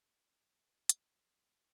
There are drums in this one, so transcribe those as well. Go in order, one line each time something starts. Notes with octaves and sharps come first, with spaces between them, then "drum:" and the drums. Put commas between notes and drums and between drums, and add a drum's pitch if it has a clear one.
G#3
G#3
F#3, drum: hi-hat